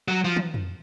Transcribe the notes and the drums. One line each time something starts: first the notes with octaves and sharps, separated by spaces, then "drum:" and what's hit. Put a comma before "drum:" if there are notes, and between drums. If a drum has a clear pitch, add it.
F#3
F3
drum: tom
drum: tom F2